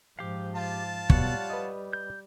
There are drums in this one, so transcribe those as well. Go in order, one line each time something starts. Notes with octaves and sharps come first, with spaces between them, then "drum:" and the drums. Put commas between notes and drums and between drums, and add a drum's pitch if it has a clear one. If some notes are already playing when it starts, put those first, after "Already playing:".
G#2 F3 G4 F5
F4 A5
B2 G3 C#5 F#5, drum: kick
B4 D#5
G6